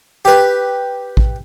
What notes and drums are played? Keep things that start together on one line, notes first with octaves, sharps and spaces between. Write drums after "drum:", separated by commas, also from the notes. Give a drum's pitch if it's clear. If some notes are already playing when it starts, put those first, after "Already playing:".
G4 B4
drum: kick A1